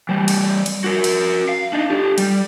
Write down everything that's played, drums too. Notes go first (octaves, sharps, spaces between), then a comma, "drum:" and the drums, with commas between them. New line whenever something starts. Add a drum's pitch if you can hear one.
E3 G3
drum: cymbal
drum: cymbal
F#4 A#4
drum: cymbal
F5
D4 D#4
G4 A4
G3, drum: cymbal